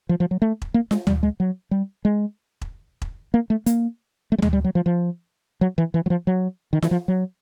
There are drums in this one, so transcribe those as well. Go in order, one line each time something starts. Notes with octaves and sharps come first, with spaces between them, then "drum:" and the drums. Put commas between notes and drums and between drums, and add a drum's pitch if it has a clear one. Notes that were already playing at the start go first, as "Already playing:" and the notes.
F3
F3
F#3
A3
drum: kick E1
A#3
G#3, drum: snare F4
G3, drum: tom D2
G#3
F#3
G3
G#3
drum: kick E1
drum: kick E1
A#3
A3
A#3, drum: hi-hat
A3
G3
G#3, drum: tom D2
G3
F#3
F3
F3
F#3
E3
E3
F#3
F3
F#3
D#3
E3, drum: snare F4
F3
F#3